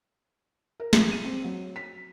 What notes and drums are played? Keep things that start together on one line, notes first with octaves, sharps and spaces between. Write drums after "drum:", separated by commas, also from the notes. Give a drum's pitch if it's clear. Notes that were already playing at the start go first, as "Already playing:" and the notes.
A#4
F3, drum: snare
D#7
C4
F#3
B6